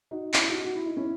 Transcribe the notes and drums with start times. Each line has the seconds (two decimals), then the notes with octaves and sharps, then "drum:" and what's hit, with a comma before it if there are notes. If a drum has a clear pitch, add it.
0.11 D#4 F#4
0.34 C#4 E4, drum: clap
0.49 D#4 F#4
0.64 F#4
0.75 E4
0.86 D#4
0.97 C#4 E4